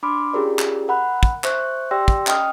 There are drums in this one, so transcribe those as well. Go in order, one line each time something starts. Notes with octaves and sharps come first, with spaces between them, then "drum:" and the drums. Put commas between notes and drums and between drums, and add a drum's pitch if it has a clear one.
D4 B5 C6 D6 F6
C#4 F4 G4 G#4 A#4 D5
drum: clap
A#4 F#5 B5 F#6
drum: kick
C5 E5 C#6 F#6 G6, drum: clap
G4 D5 G5 C6 E6 A#6
drum: kick
C#4 D#5 G5 D#6 F6, drum: clap